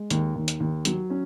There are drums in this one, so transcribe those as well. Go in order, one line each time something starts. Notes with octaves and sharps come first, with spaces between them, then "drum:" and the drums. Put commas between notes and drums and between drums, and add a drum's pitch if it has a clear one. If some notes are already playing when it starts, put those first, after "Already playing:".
Already playing: G#3
D#2, drum: hi-hat
D#2
drum: hi-hat
D#2
F#3, drum: hi-hat
C#4